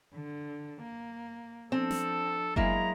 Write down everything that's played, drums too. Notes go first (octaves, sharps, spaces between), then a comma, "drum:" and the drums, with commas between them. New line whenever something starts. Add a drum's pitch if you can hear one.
D3
A#3
F3 C4 D4 A4
drum: snare
F#3 G#3 A#3 E4 A#5, drum: kick F#1